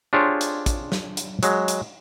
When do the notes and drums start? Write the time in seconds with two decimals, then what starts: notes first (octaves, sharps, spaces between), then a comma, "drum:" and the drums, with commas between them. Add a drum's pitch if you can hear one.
0.13 D4 F4 G4 G#4 C5 C#5
0.41 drum: hi-hat
0.66 drum: kick, hi-hat
0.92 drum: snare
1.17 drum: hi-hat
1.43 F#3 G#3, drum: hi-hat
1.68 drum: hi-hat